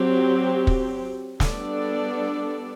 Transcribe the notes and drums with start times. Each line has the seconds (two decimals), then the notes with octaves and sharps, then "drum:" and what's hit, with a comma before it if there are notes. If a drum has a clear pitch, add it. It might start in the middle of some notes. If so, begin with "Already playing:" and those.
Already playing: F#3 C4 G4
0.67 drum: kick
1.40 G3 B3 D4 A4 D5, drum: snare